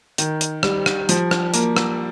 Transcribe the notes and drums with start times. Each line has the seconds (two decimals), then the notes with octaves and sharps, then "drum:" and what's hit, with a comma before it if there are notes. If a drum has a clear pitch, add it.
0.18 D#3, drum: hi-hat
0.41 drum: hi-hat
0.63 G3, drum: rim click
0.86 drum: rim click
1.09 F3, drum: hi-hat
1.31 drum: rim click
1.54 A#3, drum: hi-hat
1.77 drum: rim click